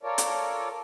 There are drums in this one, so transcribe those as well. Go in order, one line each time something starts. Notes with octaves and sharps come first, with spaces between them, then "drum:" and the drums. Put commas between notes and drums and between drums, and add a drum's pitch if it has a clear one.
F4 A4 A#4 C#5 D5
drum: hi-hat